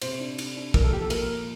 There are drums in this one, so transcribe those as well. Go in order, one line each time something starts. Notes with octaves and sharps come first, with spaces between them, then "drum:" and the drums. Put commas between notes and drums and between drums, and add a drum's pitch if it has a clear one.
C3 C5, drum: cymbal
D4
D4, drum: cymbal
D4
F3 A#4, drum: kick
A4
A#2 G4
A4
A#2 A#4, drum: cymbal
A#2